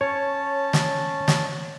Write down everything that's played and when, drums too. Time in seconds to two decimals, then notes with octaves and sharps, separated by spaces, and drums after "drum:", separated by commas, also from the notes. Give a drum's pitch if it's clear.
0.01 C#4 C#5 A5
0.73 drum: snare
1.28 drum: snare